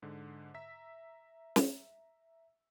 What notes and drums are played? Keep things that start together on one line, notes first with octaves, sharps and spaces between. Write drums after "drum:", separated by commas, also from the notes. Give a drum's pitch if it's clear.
G#2 D3
E5 A#5 E6 B6
drum: snare